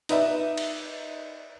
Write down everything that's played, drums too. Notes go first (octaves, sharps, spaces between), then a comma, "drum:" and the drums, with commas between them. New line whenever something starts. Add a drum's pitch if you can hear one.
D#4 B4 D5 E5, drum: hi-hat
drum: cymbal